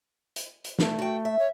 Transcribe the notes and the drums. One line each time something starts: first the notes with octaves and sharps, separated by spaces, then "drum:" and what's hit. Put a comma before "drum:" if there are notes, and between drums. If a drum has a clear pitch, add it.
drum: hi-hat
drum: hi-hat
A3, drum: snare
F#4 G5
E5
C#5